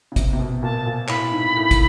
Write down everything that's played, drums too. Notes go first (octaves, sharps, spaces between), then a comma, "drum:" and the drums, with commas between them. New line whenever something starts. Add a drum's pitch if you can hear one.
C#3
C3, drum: kick, hi-hat
C3
B2
A#2 A5
A#2
A2 B5, drum: clap
G#2
A2
drum: kick, hi-hat